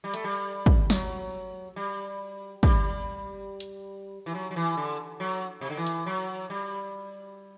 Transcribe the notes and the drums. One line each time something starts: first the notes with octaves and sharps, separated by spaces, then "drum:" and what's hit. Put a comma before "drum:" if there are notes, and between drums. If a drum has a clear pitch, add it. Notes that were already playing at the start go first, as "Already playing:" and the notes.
G3
A3, drum: hi-hat
G3
drum: kick
F#3, drum: snare
G3
G3, drum: kick
drum: hi-hat
E3
F#3
F#3
E3
D3
F#3
C3
D3
E3
drum: hi-hat
F#3
G3